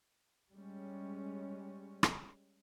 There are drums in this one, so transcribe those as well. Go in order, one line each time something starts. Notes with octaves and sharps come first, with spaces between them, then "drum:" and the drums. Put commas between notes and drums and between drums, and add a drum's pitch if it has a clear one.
G3 G#3 C#4
drum: rim click